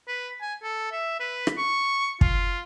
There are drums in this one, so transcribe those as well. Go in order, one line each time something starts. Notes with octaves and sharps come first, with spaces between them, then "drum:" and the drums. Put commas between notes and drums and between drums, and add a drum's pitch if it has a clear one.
B4
G#5
A4
E5
B4
drum: rim click
C#6
F4, drum: kick